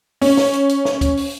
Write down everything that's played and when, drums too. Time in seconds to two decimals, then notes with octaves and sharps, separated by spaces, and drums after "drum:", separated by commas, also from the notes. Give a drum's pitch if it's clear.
0.21 C#4, drum: open hi-hat
0.37 drum: snare
0.53 drum: hi-hat
0.69 drum: hi-hat
0.85 drum: snare
1.01 drum: kick, hi-hat
1.17 drum: open hi-hat